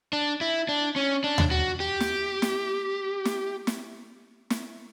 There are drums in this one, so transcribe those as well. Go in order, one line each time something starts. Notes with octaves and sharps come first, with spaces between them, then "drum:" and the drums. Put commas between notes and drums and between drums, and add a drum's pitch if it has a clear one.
D4
E4
D4
C#4
D4
drum: tom D#2
F#4
G4
drum: snare
drum: snare
drum: snare
drum: snare
drum: snare